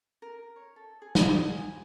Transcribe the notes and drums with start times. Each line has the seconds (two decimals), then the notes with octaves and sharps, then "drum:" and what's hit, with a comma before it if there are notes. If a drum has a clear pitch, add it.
0.22 A#4
0.56 C#5
0.76 A4
1.02 G#4
1.15 D#6, drum: snare
1.50 G#5